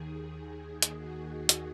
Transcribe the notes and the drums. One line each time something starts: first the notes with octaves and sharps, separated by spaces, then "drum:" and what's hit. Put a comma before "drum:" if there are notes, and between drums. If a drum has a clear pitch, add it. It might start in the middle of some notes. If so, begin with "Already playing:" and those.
Already playing: D#2 D#3 G#4
drum: hi-hat
F#4
drum: hi-hat